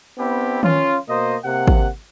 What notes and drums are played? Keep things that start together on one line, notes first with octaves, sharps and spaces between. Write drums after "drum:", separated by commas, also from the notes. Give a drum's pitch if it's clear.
B3 C4 D4 E4 G4
C#4 F4, drum: tom D#3
B2 A#3 C5 D#5
C3 A#3 F#5
drum: kick